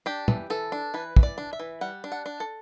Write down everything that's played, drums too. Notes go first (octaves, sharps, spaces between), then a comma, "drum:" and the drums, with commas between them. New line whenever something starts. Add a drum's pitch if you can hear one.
D4 G4
E3, drum: tom
E3 A4
D4
E3 B4
E3, drum: kick
D5
D4
E5
E3
G3 F#5
D4
F#5
D4
A4